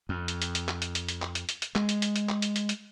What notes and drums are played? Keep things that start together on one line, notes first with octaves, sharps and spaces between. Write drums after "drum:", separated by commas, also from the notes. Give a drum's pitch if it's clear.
F2
drum: hi-hat
drum: hi-hat
drum: hi-hat
drum: clap
drum: hi-hat
drum: hi-hat
drum: hi-hat
drum: clap
drum: hi-hat
drum: hi-hat
drum: hi-hat
G#3, drum: clap
drum: hi-hat
drum: hi-hat
drum: hi-hat
drum: clap
drum: hi-hat
drum: hi-hat
drum: hi-hat